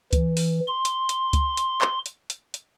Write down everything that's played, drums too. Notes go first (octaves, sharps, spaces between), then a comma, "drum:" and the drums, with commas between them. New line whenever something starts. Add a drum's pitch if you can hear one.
E3, drum: kick C#2, hi-hat
drum: open hi-hat
C6
drum: hi-hat
drum: hi-hat
drum: kick C#2, hi-hat
drum: hi-hat
drum: clap
drum: hi-hat
drum: hi-hat
drum: hi-hat